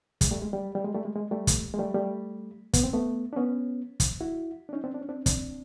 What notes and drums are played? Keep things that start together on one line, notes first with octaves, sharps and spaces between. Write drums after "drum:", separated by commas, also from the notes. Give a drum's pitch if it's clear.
G#3, drum: kick, hi-hat
G3 A3
G#3
G3
G3
G#3
G3 A3
G#3
G#3
G3 A3
drum: kick, hi-hat
G#3
G3 A3
G3 A3
B3, drum: kick, hi-hat
C4
A3 B3
D4
B3 C#4
drum: kick, hi-hat
E4 F#4
D4
C#4 D#4
C4 D4
D4
C#4
C4 D4
C4 D4, drum: kick, hi-hat